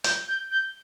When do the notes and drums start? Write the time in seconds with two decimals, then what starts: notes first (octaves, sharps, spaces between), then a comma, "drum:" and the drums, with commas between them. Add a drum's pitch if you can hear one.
0.04 G6, drum: hi-hat
0.28 G6
0.51 G6